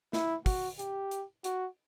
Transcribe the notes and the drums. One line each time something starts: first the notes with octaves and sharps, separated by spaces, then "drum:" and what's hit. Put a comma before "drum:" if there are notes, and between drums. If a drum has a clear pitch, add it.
E4, drum: snare
F#4, drum: kick, open hi-hat
G4, drum: hi-hat
drum: hi-hat
F#4, drum: hi-hat